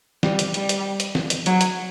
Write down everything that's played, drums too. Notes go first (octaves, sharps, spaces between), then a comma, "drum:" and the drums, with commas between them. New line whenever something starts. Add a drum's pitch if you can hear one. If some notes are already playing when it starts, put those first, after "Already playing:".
G3, drum: snare
drum: hi-hat
G3, drum: hi-hat
drum: hi-hat
drum: hi-hat
drum: snare
drum: hi-hat
F#3, drum: hi-hat
drum: hi-hat